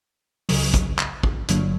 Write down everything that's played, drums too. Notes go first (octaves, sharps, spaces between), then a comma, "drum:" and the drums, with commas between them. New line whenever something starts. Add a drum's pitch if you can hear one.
C#2 C#3 F#3, drum: open hi-hat
drum: kick A1, hi-hat
drum: clap
drum: kick A1
G1 G2 D3 F#3 A#3, drum: hi-hat